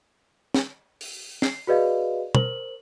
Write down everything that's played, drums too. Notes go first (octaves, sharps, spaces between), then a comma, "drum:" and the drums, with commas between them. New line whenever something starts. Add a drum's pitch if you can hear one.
drum: snare
drum: open hi-hat
C7, drum: snare
F#4 G#4 B4 D5 D#5 F5
A#4 C5 F#7, drum: tom